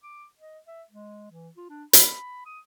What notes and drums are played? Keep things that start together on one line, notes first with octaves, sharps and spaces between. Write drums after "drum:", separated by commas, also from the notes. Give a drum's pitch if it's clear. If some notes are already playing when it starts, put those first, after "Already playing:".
D6
D#5
E5
G#3
E3
F4
D4
B5, drum: hi-hat
D#6